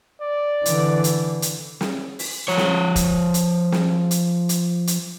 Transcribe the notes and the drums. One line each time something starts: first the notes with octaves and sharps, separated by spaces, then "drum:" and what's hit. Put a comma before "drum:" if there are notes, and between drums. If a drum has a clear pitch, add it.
D5
D3 E3, drum: hi-hat
drum: hi-hat
drum: hi-hat
drum: snare
drum: open hi-hat
F3 C#5
drum: snare
drum: kick E1, hi-hat
drum: hi-hat
drum: snare
drum: hi-hat
drum: hi-hat
drum: hi-hat